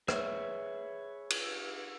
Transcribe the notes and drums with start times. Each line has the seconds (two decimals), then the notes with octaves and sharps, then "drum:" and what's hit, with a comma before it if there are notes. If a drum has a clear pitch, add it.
0.08 G#4 B4 C#5 E5, drum: rim click
1.30 drum: cymbal